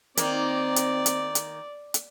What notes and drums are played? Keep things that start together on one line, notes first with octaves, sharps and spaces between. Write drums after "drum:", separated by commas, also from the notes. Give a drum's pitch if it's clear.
D#3 A#3 C4 D5, drum: hi-hat
drum: hi-hat
drum: hi-hat
drum: hi-hat
drum: hi-hat